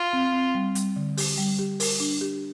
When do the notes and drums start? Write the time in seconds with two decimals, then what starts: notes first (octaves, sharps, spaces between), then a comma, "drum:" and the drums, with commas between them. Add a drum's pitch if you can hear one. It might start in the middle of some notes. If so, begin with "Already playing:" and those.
Already playing: F4
0.13 C4
0.34 C4
0.55 G3
0.75 G3, drum: hi-hat
0.96 D3
1.17 G4, drum: open hi-hat
1.38 G3
1.59 G4
1.80 A#4, drum: open hi-hat
2.00 D4
2.21 G4